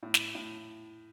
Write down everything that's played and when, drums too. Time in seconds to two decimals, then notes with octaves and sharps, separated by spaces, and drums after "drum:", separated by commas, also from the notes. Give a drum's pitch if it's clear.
0.03 A2
0.14 drum: snare
0.35 A2